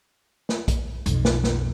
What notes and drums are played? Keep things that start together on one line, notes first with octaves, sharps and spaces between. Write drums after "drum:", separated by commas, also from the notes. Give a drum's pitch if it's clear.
drum: snare
drum: kick, hi-hat
B1 F2, drum: hi-hat
drum: snare
drum: snare